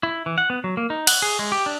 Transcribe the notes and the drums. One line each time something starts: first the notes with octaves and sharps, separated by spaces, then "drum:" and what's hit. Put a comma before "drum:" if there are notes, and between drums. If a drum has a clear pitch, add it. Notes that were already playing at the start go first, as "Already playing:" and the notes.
E4
E3
F#5
B3
F#3
A#3
D#4
F#5, drum: cymbal
G#4
G#3
G4
D4